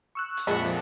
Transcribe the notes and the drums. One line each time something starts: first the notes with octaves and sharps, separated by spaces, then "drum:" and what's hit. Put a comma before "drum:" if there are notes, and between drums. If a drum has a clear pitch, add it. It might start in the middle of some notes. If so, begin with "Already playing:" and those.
C#6 E6 F#6
drum: hi-hat
F2 A#2 G#3 E5 F#5 A5
F3